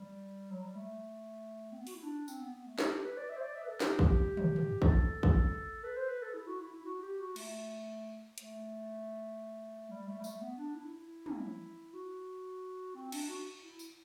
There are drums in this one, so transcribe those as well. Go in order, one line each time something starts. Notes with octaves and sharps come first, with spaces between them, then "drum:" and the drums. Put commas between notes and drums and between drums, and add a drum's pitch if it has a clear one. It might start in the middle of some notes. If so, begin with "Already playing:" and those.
Already playing: G3
F#3
G3
A3
C4
B3
F#4, drum: open hi-hat
E4
D4
C4, drum: tambourine
B3
B3
A3
G4, drum: snare
G4
B4
D5
E5
C5
D5
E5
B4
A4
G4, drum: snare
drum: kick
drum: tom
drum: tom
A4, drum: kick
drum: kick
B4
C5
B4
A4
E4
F#4
E4
E4
F#4
G4
F#4
A3, drum: cymbal
A3, drum: hi-hat
G3
A3
G3
A3, drum: tambourine
B3
D4
E4
E4
drum: tom
F#4
C4
D4, drum: cymbal
F#4
E4
drum: tambourine